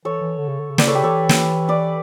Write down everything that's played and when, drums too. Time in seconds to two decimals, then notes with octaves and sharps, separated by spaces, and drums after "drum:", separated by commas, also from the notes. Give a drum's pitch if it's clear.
0.05 E3 A4 C#5
0.21 E3
0.38 D3
0.49 C#3
0.60 D3
0.71 C#3
0.78 B4 D5, drum: snare
0.87 A4 C#5
0.95 G4 B4
1.03 E3 A4 C#5
1.29 drum: snare
1.68 B4 D5